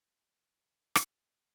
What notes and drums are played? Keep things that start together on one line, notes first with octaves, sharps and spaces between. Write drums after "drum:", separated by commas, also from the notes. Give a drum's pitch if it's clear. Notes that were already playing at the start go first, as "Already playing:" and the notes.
C#3
drum: rim click